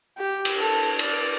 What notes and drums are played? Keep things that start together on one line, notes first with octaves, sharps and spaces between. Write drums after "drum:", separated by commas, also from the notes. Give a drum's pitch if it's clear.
G4
drum: cymbal
A4
D5, drum: cymbal